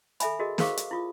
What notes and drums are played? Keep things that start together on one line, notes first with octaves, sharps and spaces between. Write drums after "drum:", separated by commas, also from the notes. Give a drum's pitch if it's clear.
A4 E5 G#5 B5, drum: hi-hat
F#4 G#4 A#4 D#5
G#4 A#4 C5 F5 C#6 D6, drum: snare
drum: hi-hat
E4 F4 D#6